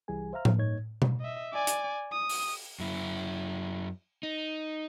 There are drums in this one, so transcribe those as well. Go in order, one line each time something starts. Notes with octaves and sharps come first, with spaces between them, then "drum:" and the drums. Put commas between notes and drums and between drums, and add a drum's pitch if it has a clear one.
C2 E3 G3 G#4 G#5
C5 E5 F5 A#5 F6
drum: tom A2
G2 A#3 D#4 C#5 G#6
drum: tom B2
D#5 E5
D5 G#5
drum: hi-hat
D#6
drum: open hi-hat
F#2 E4
D#4